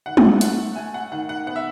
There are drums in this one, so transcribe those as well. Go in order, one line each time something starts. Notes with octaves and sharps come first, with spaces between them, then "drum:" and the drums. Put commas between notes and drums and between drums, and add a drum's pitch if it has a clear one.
D#3 F#5
drum: tom
A3 F#5, drum: hi-hat
A3 G#5
F#5
D#3 F#5
F#5
B3 F#5
E5